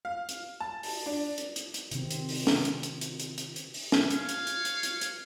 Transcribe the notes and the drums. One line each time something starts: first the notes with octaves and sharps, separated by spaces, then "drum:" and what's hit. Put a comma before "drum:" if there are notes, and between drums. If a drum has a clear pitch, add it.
F5
drum: hi-hat
A5
drum: open hi-hat
D4
drum: hi-hat
drum: hi-hat
drum: hi-hat
C3 D#3 C4, drum: hi-hat
drum: hi-hat
drum: open hi-hat
drum: snare
drum: hi-hat
drum: hi-hat
drum: hi-hat
drum: hi-hat
drum: hi-hat
drum: hi-hat
drum: open hi-hat
drum: snare
C#5 F5, drum: hi-hat
drum: hi-hat
drum: hi-hat
drum: hi-hat
drum: hi-hat
drum: hi-hat